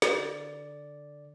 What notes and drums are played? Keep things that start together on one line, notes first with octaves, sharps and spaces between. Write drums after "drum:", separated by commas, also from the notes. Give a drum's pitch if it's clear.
D3 D5, drum: snare